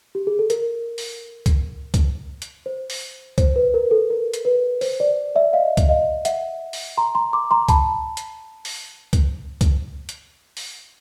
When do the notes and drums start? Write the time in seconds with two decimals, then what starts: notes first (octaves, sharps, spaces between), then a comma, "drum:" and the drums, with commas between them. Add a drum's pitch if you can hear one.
0.15 G4
0.27 G#4
0.39 A4
0.50 A#4, drum: hi-hat
0.98 drum: open hi-hat
1.46 drum: kick C#2, hi-hat
1.94 drum: kick C#2, hi-hat
2.42 drum: hi-hat
2.66 C5
2.90 drum: open hi-hat
3.38 C5, drum: kick C#2, hi-hat
3.56 B4
3.74 A#4
3.91 A4
4.10 A#4
4.34 drum: hi-hat
4.45 B4
4.81 C5, drum: open hi-hat
5.00 C5 D5
5.35 D5 E5
5.53 D#5 F5
5.77 drum: kick C#2, hi-hat
5.89 D#5 F5
6.25 E5 F#5, drum: hi-hat
6.73 drum: open hi-hat
6.97 A#5 C6
7.15 A#5 C6
7.33 C6 D6
7.51 A#5 C6
7.68 A5 B5, drum: kick C#2, hi-hat
8.17 drum: hi-hat
8.65 drum: open hi-hat
9.13 drum: kick C#2, hi-hat
9.61 drum: kick C#2, hi-hat
10.09 drum: hi-hat
10.57 drum: open hi-hat